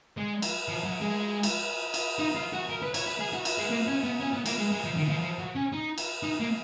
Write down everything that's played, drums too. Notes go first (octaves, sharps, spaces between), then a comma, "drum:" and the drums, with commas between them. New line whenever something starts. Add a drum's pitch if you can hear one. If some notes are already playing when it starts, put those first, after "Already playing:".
G#3
drum: cymbal
F3
F#3
G#3
drum: cymbal
drum: cymbal
D#4
F4
F#4
A#4
B4
C#5, drum: cymbal
B4
G#4
F#4
drum: cymbal
G#3
A#3
C#4
B3
C#4
B3
A#3, drum: cymbal
G#3
G#3
F3
D#3
F3
F3
F#3
C#4
D#4
drum: cymbal
D#4
A#3